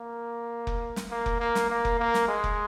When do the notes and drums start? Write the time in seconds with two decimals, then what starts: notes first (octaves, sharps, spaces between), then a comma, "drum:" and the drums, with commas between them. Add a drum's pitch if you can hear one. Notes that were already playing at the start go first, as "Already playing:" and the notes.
Already playing: A#3
0.67 drum: kick F1
0.96 drum: snare
1.11 A#3
1.26 drum: kick F1
1.40 A#3
1.55 drum: snare
1.70 A#3
1.85 drum: kick F1
2.00 A#3
2.14 drum: snare
2.29 G#3
2.44 drum: kick F1